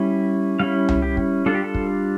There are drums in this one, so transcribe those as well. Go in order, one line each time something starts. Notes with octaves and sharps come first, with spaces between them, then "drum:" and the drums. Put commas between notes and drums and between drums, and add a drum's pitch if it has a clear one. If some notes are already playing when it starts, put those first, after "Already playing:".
Already playing: G3 C#4 E4
G3 C#4 E4 F5
drum: tom C2
G4
drum: kick
G3 D4 F4 A4
G4
A4
drum: kick